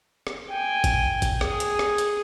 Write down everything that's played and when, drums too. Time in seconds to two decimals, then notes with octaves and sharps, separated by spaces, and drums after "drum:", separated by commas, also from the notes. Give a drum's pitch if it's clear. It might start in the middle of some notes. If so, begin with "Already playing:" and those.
0.27 drum: rim click
0.50 G5 G#5
0.84 drum: kick, hi-hat
1.22 drum: kick, hi-hat
1.41 G#4, drum: rim click
1.60 drum: hi-hat
1.79 drum: rim click
1.98 drum: hi-hat